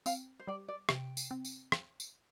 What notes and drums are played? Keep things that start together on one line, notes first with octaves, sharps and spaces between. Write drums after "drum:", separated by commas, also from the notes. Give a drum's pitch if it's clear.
C4 F5, drum: tambourine
C5
G3 D5
D5
C3 G5, drum: rim click
drum: tambourine
C4
drum: tambourine
drum: rim click
drum: tambourine